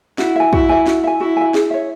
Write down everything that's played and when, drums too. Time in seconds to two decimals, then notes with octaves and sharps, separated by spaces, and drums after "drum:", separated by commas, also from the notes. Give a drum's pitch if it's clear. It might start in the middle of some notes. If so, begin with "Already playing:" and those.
0.18 E4 F#4, drum: snare
0.36 E5 G#5
0.53 E4 F#4, drum: kick
0.69 E5 G#5
0.87 F#4, drum: snare
1.04 E5 G#5
1.20 E4 F#4
1.37 E5 G#5
1.54 G#4, drum: snare
1.71 C#5 E5